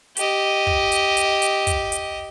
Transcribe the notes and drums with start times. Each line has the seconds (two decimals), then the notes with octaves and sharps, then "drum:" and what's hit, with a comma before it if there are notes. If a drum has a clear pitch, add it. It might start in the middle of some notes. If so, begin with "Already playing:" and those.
0.17 G4 D#5, drum: hi-hat
0.67 drum: kick
0.92 drum: hi-hat
1.17 drum: hi-hat
1.42 drum: hi-hat
1.67 drum: kick, hi-hat
1.92 drum: hi-hat